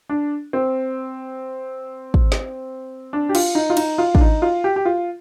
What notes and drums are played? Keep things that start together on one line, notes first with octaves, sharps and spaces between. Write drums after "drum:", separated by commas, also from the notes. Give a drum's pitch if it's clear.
D4
C4
drum: kick
drum: snare
D4
G4
F4, drum: cymbal
D#4
F4
D#4, drum: cymbal
F4
D4, drum: kick
D#4
F4
G4
G4
F4